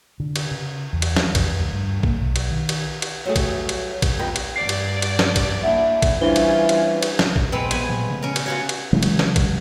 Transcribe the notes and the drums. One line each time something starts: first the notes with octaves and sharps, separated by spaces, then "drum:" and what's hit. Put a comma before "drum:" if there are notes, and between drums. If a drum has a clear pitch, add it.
D3
drum: cymbal
C#3
E2
drum: cymbal
E3, drum: snare
F2, drum: kick, cymbal
D2
G2
A#3, drum: kick
B1
drum: cymbal
D#3
drum: cymbal
drum: cymbal
F#3 G3 A3 G#4
drum: kick, cymbal
drum: cymbal
drum: kick, cymbal
F2 G3 A#4 B4 D#5 G5
drum: cymbal
G2 D5 D6 C7
drum: cymbal
drum: cymbal
drum: snare
drum: kick, cymbal
A#3 D4 E4 E5 F#5
drum: kick, cymbal
E3 G3 C#4 D4 F4 C5 G7
drum: cymbal
drum: cymbal
drum: cymbal
drum: snare
drum: kick
A#1 G#3 B3 C4
A#1 B3 G#5 B5, drum: cymbal
A#2 F3 F#3
C#3 A3 B3
C#4 A#4
drum: cymbal
F4 F#4 C#5
drum: cymbal
C#3 E3 F#3 G#3
drum: cymbal
drum: snare
drum: kick, cymbal